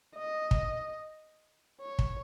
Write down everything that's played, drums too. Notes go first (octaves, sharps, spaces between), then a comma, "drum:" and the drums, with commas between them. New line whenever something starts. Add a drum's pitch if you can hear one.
D#5
drum: kick
C#5
drum: kick